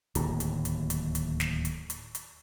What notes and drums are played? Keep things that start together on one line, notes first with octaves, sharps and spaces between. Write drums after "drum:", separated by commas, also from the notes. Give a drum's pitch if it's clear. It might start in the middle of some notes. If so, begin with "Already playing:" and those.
D1 D#2 A2, drum: hi-hat
drum: hi-hat
drum: hi-hat
drum: hi-hat
drum: hi-hat
drum: snare
drum: hi-hat
drum: hi-hat
drum: hi-hat